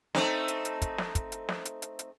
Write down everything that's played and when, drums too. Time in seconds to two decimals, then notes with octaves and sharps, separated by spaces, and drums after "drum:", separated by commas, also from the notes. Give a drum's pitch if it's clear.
0.15 A3 C4 D#4, drum: snare
0.48 drum: hi-hat
0.65 drum: hi-hat
0.82 drum: kick, hi-hat
0.98 drum: snare
1.15 drum: kick, hi-hat
1.32 drum: hi-hat
1.49 drum: snare
1.65 drum: hi-hat
1.82 drum: hi-hat
1.99 drum: hi-hat